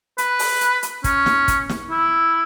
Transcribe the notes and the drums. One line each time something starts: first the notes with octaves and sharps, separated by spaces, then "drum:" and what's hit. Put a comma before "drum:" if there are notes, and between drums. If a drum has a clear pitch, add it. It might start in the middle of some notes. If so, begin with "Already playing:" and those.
B4, drum: hi-hat
drum: open hi-hat
drum: hi-hat
drum: hi-hat
C#4, drum: kick, hi-hat
drum: snare
drum: kick, hi-hat
drum: snare
E4